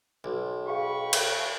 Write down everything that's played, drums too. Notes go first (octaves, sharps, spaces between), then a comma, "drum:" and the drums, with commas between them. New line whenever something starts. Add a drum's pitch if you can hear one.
B1
G#4 F5 G5 B5 C#6
drum: cymbal